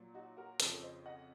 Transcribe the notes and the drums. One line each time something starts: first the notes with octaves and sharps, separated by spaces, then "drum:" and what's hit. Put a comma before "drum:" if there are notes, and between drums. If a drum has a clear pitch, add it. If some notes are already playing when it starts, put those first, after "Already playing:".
Already playing: A#2 F#3
D#4 F#4
F#4 A#4
F2 C#3 F3 A4 C5, drum: hi-hat
C5 D#5
D#5 F#5